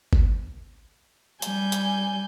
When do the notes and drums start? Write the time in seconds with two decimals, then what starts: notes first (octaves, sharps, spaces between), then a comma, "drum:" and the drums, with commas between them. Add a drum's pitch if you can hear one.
0.13 drum: kick
1.42 G3 G#5 G6, drum: hi-hat
1.72 drum: hi-hat